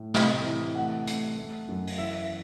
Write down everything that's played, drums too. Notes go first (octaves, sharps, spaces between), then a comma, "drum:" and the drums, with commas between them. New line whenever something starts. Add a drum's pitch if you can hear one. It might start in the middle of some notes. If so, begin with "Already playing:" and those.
Already playing: A2
C3 D#5, drum: snare
E3
A3 F#5
A3, drum: hi-hat
A3
F#2
drum: open hi-hat
E3 E5